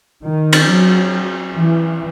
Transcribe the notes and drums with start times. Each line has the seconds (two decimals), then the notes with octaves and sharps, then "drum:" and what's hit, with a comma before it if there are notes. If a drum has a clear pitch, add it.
0.23 D#3
0.53 drum: cymbal
0.69 F#3
1.56 E3